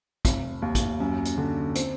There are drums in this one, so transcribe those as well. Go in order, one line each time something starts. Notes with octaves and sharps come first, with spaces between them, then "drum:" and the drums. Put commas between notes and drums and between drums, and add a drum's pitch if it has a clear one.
F1, drum: kick, hi-hat
D#2
drum: kick, hi-hat
F#2
drum: hi-hat
D3
C4, drum: hi-hat